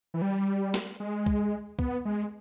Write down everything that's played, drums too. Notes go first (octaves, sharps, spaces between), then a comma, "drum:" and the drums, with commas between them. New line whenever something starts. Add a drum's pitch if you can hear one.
E3
G3
drum: snare
G#3
drum: kick
B3, drum: kick
G#3